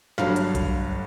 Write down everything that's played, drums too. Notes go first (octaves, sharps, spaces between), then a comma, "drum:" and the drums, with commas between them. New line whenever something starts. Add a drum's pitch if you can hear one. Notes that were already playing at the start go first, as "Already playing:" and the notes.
G1 G2 D3 F#3 A3 F5, drum: snare
drum: hi-hat
drum: kick A#1, hi-hat